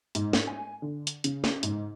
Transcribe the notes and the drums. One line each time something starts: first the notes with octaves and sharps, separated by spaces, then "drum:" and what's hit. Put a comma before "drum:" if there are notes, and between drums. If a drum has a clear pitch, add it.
G#2, drum: hi-hat
drum: snare
G#5
D3
drum: hi-hat
C#3, drum: hi-hat
drum: snare
G#2, drum: hi-hat